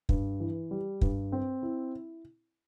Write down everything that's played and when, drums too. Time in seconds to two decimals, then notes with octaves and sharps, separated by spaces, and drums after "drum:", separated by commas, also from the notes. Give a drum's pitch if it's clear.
0.09 G2, drum: kick
0.40 E3
0.71 G3
1.01 G2, drum: kick
1.32 C4
1.62 E4